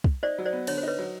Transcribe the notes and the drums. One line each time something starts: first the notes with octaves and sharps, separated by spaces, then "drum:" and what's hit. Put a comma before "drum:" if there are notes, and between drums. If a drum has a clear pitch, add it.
drum: kick
D#4 C5 D5
F#3
C5 D5
B3
D3 C#5, drum: cymbal
C5
D#4 B4 C#5
F#3